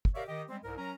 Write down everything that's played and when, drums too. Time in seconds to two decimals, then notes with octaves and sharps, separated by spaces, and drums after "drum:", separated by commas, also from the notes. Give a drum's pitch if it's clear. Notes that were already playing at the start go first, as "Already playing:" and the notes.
0.05 drum: kick
0.15 G4 A#4 C#5 D5 E5 F5
0.28 D#3 G4 D#5
0.49 G3 G#3 C4
0.63 C2 G#2 A#4
0.77 F#3 C#4 A#4 A#5